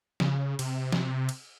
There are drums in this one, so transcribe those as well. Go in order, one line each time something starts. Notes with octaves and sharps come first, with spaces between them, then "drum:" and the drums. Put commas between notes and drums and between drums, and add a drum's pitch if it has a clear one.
C#3, drum: snare
C3, drum: cymbal
drum: snare
drum: cymbal